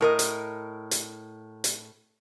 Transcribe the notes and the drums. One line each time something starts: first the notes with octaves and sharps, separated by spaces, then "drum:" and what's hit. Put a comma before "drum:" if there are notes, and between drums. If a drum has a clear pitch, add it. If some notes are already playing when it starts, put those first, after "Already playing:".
A2 A#4 D#5
drum: hi-hat
drum: hi-hat
drum: hi-hat